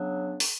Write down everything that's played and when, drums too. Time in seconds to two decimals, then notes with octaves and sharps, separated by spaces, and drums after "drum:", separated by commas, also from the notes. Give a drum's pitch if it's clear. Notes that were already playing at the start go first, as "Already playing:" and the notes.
Already playing: C#3 F#3 B3 D4
0.40 drum: open hi-hat